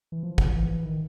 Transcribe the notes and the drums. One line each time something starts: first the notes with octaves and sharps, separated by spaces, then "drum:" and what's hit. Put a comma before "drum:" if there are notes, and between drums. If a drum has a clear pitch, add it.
E3
F3
drum: kick
E3
D#3